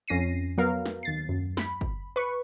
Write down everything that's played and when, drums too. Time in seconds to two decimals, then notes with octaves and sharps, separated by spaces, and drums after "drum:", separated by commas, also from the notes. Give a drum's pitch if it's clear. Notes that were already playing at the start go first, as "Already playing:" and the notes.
0.08 F2 C#4 A#6 C7 D#7
0.58 F#3 B3 A#4 F5
0.86 drum: snare
1.03 D#2 A6 C7
1.29 F#2
1.57 B5, drum: snare
1.81 drum: kick
2.16 B4 C#6